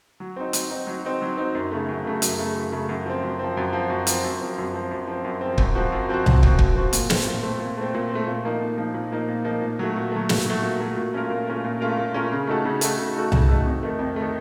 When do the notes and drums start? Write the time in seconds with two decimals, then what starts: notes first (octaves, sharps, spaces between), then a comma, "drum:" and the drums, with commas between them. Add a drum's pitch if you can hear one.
0.20 F#3
0.36 C4 D#4
0.53 F#3, drum: hi-hat
0.71 C4 D#4
0.87 F#3
1.05 C4 D#4
1.22 F#3
1.37 C4 D#4
1.55 F#2
1.72 C#3 A3
1.89 F#2
2.06 C#3 A3
2.22 F#2, drum: hi-hat
2.39 C#3 A3
2.55 F#2
2.72 C#3 A3
2.89 F#2
3.06 F3 C4
3.23 F#2
3.39 F3 C4
3.57 F#2
3.73 F3 C4
3.90 F#2
4.07 F3 C4, drum: hi-hat
4.24 F#2
4.41 F3 C4
4.58 F#2
4.74 F3 C4
4.91 F#2
5.07 F3 C4
5.25 F#2
5.41 F3 C4
5.58 F#2, drum: kick
5.75 F3 C4 F#4
5.92 F#2
6.09 F3 C4 F#4
6.26 F#2, drum: tom C2
6.43 F3 C4 F#4, drum: kick
6.59 F#2, drum: kick
6.75 F3 C4 F#4
6.93 A#2, drum: hi-hat
7.10 A3 C4, drum: snare
7.26 A#2
7.43 A3 C4
7.60 A#2
7.78 A3 C4
7.94 A#2
8.10 C4
8.15 A3
8.27 A#2
8.44 F3 A#3 D#4
8.60 A#2
8.78 F3 A#3 D#4
8.94 A#2
9.11 F3 A#3 D#4
9.28 A#2
9.45 F3 A#3 D#4
9.62 A#2
9.79 F#3 A3
9.96 A#2
10.12 F#3 A3
10.29 A#2, drum: snare
10.46 F#3 A3
10.62 A#2
10.80 F#3 A3
10.97 A#2
11.14 A3 C#4 F4 A#4
11.30 A#2
11.47 A3 C#4 F4 A#4
11.64 A#2
11.81 A3 C#4 F4 A#4
11.97 A#2
12.14 A3 C#4 F4 A#4
12.32 C#3
12.47 A3 D#4 F#4 A4
12.65 C#3
12.81 A3 D#4 F#4 A4, drum: hi-hat
12.99 C#3
13.15 A3 D#4 F#4 A4
13.32 C#3, drum: tom C2
13.49 A3 D#4 F#4 A4
13.66 F2
13.83 D#3 A3
13.99 F2
14.16 D#3 A3